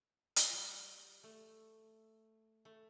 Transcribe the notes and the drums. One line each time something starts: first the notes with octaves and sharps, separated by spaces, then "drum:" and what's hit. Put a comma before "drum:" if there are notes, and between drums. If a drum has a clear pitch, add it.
drum: hi-hat
G3
A3
A3